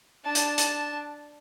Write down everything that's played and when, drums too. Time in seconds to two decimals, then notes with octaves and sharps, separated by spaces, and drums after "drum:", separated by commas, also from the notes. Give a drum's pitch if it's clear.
0.25 D4 A5
0.35 drum: hi-hat
0.58 drum: hi-hat